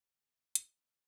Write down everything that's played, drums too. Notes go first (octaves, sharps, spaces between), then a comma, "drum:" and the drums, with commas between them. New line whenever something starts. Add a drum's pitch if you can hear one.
C3 A4
F#3 B3 D4 G4, drum: hi-hat